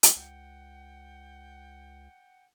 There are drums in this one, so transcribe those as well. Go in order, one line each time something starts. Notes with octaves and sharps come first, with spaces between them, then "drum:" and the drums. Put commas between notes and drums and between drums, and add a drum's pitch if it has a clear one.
drum: hi-hat
C#2 F#5 G5